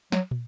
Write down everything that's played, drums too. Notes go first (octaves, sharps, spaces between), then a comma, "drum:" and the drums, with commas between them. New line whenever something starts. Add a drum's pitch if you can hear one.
F#3, drum: snare
drum: tom